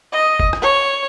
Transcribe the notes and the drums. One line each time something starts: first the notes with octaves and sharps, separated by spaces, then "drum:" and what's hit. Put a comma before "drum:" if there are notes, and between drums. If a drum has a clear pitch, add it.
D#5
drum: kick
drum: rim click
C#5